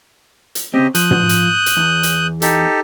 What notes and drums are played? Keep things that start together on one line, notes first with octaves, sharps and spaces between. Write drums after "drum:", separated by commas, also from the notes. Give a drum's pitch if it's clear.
drum: hi-hat
C#3 C4 G4 D#5
F3 D#6 F#6 G6, drum: hi-hat
drum: tom
drum: hi-hat
drum: hi-hat
E2
drum: hi-hat
D#4 G4 A4, drum: hi-hat